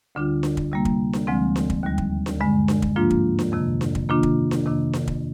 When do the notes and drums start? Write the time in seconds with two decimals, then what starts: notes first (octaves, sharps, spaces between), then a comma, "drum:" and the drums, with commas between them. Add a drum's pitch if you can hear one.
0.15 D2 D3 G3 D4 F4
0.43 drum: snare D4
0.57 drum: kick
0.72 C3 G3 A#3
0.85 drum: kick
1.13 drum: snare D4
1.27 D2 D3 F3 G#3 C4
1.56 drum: snare D4
1.70 drum: kick
1.83 D#2 D#3 G3
1.98 drum: kick
2.26 drum: snare D4
2.40 G2 D3 G#3
2.68 drum: snare D4
2.82 drum: kick
2.96 G#2 F3 A#3 D4 F4
3.10 drum: kick
3.39 drum: snare D4
3.52 F2 C3 D#3 A#3
3.81 drum: snare D4
3.95 drum: kick
4.09 C3 D#3 A#3 D4 F4
4.23 drum: kick
4.51 drum: snare D4
4.66 F2 C3 D#3 A#3 D4
4.93 drum: snare D4
5.08 drum: kick